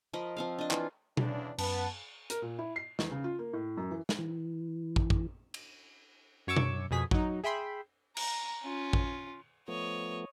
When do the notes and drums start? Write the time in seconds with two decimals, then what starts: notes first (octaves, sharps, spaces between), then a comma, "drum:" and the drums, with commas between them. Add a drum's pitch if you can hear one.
0.13 F3 A#4 D#5 B5
0.37 F3 C4 F5
0.58 D4 D#5
0.71 E3 F4, drum: clap
1.17 E2 C#3 D4, drum: tom B2
1.58 F#2 B3 A5, drum: cymbal
2.30 A#4, drum: hi-hat
2.42 A#2
2.59 E4
2.76 C7
2.99 E2, drum: snare
3.11 C#3
3.24 F4
3.39 A#3
3.53 A2
3.77 F#2
3.91 E3
4.09 drum: snare
4.19 E3
4.96 drum: kick
5.10 drum: kick
5.54 drum: cymbal
6.47 F#2 C#5 C#6 D6 E6
6.56 drum: tom B2
6.91 F2 B2 G#4 B6
7.11 F#3 D#4, drum: kick
7.44 G#4 E5 G5 B5 C6
8.17 A#5, drum: cymbal
8.63 C#4 F4
8.93 drum: kick
9.68 F3 A3 B3 C#5 D#5